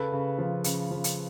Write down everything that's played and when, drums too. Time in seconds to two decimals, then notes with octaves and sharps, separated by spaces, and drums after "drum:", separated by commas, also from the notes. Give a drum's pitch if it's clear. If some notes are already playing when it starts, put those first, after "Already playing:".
Already playing: C#3 A4 B4
0.12 C#3
0.38 F3
0.64 C#3, drum: hi-hat
0.91 F3
1.04 drum: hi-hat